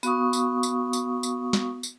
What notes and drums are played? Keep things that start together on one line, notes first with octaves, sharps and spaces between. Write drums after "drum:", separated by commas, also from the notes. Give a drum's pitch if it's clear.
B3 F#4 F5 C#6 D#6, drum: tambourine
drum: tambourine
drum: tambourine
drum: tambourine
drum: tambourine
drum: snare
drum: tambourine